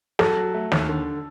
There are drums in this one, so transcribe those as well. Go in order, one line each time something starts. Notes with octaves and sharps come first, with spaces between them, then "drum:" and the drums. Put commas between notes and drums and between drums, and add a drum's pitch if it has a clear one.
F#3 A4, drum: snare
F#3
A3
D#2, drum: snare
D3